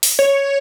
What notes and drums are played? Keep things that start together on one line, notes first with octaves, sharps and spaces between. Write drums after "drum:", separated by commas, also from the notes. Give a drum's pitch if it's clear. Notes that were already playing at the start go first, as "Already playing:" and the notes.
drum: open hi-hat
C#5